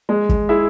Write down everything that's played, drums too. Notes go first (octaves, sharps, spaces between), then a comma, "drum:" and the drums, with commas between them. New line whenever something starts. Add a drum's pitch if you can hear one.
G#3
drum: kick
E4 G#4 E5